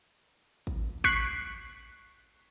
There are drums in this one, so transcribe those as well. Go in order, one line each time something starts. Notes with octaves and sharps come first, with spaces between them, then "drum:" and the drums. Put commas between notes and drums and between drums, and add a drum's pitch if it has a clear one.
drum: kick
C#6 F#6 B6 C7, drum: kick